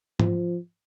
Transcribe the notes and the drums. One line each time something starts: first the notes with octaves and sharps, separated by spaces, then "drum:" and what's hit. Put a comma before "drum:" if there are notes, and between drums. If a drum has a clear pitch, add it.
F3, drum: tom